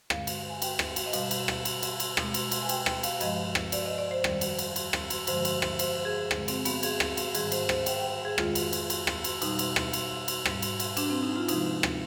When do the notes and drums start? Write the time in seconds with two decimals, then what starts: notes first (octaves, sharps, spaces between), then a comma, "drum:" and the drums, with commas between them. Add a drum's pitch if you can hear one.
0.10 G2 D3 G#3 F5, drum: rim click
0.27 drum: cymbal
0.50 G#5
0.62 G5, drum: cymbal
0.79 drum: rim click
0.96 drum: cymbal
1.06 D#5
1.13 B2 G3 F5, drum: cymbal
1.31 drum: cymbal
1.48 drum: rim click
1.65 drum: cymbal
1.83 drum: cymbal
2.00 drum: cymbal
2.17 B2 G#3, drum: rim click
2.34 drum: cymbal
2.52 drum: cymbal
2.63 G#5
2.69 G5, drum: cymbal
2.86 G5, drum: rim click
3.03 F5, drum: cymbal
3.21 G2 F3 G#3 D#5, drum: cymbal
3.55 drum: rim click
3.72 D5, drum: cymbal
3.85 D#5
3.98 D5
4.11 C5
4.24 F2 D#3 G3, drum: rim click
4.41 drum: cymbal
4.59 drum: cymbal
4.76 drum: cymbal
4.93 drum: rim click
5.10 drum: cymbal
5.27 G2 D3 F3 G#3 C5, drum: cymbal
5.45 drum: cymbal
5.62 drum: rim click
5.79 C5, drum: cymbal
6.05 G#4
6.31 G2 D3 G#3, drum: rim click
6.48 C4, drum: cymbal
6.65 B3, drum: cymbal
6.83 G#4, drum: cymbal
7.00 drum: rim click
7.17 drum: cymbal
7.35 G#2 D#3 G3 G#4, drum: cymbal
7.52 C5, drum: cymbal
7.69 C5, drum: rim click
7.86 G5, drum: cymbal
8.00 G5
8.25 G#4
8.38 F2 D#3 G#3 F4, drum: rim click
8.55 drum: cymbal
8.73 drum: cymbal
8.90 drum: cymbal
9.07 drum: rim click
9.24 drum: cymbal
9.42 B2 G3 D#4, drum: cymbal
9.59 drum: cymbal
9.76 drum: rim click
9.93 drum: cymbal
10.28 drum: cymbal
10.45 G#2 G3, drum: rim click
10.62 drum: cymbal
10.80 drum: cymbal
10.97 D4, drum: cymbal
11.10 C4
11.23 D#4
11.36 F4
11.48 C3 F3 G#3 D#4, drum: cymbal
11.83 drum: rim click